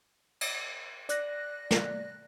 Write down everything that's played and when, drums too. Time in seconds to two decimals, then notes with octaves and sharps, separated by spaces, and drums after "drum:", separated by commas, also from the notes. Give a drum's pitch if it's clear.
0.41 drum: cymbal
1.09 D5 F#6 A#6, drum: hi-hat
1.71 drum: snare